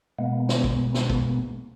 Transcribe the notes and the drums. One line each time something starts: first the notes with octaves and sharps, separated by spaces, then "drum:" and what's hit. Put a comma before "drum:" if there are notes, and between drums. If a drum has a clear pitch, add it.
B2 G#3 A#3 B3
drum: snare
drum: kick
drum: snare
drum: kick